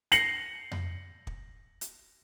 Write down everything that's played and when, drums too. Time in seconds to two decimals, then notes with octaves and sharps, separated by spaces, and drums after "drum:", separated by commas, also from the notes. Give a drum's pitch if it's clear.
0.12 A#6 C7 C#7 F#7, drum: hi-hat
0.71 drum: tom F2
1.27 drum: kick
1.81 drum: hi-hat